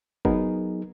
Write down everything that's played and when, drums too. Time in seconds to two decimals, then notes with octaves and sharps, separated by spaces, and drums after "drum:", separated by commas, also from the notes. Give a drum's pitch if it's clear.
0.25 F#3 B3 D#4 G#4 A#4, drum: kick